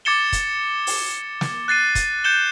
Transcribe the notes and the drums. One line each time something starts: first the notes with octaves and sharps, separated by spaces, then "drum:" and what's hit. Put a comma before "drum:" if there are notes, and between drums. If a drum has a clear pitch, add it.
D6 G#6 A6 C#7 E7 G7
drum: kick, hi-hat
drum: open hi-hat
drum: snare
F#6 A6 C7 D#7
drum: kick, hi-hat
G6 C#7 E7 G7